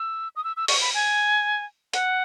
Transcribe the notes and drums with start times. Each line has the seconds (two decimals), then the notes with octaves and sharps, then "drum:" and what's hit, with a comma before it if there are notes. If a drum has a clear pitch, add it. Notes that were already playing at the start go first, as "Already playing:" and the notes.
Already playing: E6
0.36 D#6
0.44 E6
0.57 E6
0.68 C#6, drum: open hi-hat
0.81 B5
0.94 G#5
1.93 F#5, drum: hi-hat